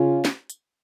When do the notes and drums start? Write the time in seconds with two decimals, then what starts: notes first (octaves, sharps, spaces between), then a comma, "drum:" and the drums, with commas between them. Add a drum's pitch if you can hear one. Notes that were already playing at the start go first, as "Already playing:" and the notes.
Already playing: C#3 C#4 F4
0.25 drum: snare
0.50 drum: hi-hat